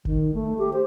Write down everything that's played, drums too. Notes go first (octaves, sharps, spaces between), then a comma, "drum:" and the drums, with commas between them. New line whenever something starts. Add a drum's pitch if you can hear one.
D#3, drum: kick F#1
A3
G4
C5